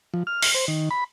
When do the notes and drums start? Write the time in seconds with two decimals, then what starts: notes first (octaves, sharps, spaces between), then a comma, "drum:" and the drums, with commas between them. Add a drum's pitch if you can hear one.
0.14 F3
0.27 F6
0.42 drum: open hi-hat
0.55 C5
0.68 D#3
0.91 B5